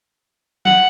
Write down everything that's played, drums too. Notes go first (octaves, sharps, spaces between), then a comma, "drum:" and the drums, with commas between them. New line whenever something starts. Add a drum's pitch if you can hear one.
F#5, drum: snare